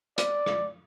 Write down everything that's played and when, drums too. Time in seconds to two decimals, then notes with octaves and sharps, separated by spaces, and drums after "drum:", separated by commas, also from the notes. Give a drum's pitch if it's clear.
0.18 D5, drum: hi-hat
0.46 drum: rim click